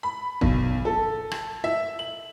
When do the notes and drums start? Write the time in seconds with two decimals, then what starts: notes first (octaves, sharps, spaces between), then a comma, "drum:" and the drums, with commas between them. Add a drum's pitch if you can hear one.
0.03 B5
0.41 B1, drum: kick
0.85 A4
1.31 drum: rim click
1.64 E5
1.99 F#7